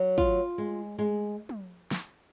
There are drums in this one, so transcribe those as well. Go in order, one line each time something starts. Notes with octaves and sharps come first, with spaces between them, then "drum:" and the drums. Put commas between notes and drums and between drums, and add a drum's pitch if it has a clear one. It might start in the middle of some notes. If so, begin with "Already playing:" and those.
Already playing: F#3
F4, drum: kick
G#3
G#3
drum: tom
drum: snare